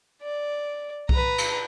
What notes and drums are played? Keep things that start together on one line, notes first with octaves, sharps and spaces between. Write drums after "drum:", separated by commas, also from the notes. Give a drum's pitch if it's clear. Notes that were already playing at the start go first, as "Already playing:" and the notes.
D5
B4 A#5, drum: kick C2
drum: cymbal